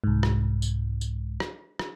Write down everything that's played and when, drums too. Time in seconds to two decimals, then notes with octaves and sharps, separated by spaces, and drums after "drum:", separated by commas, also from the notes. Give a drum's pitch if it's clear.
0.04 C2 G#2
0.23 drum: rim click
0.62 drum: tambourine
1.01 drum: tambourine
1.40 drum: rim click
1.79 drum: rim click